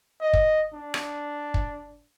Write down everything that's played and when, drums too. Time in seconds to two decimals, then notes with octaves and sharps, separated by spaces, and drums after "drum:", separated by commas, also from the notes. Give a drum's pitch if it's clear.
0.21 D#5
0.33 drum: kick
0.74 D4
0.94 drum: rim click
1.54 drum: kick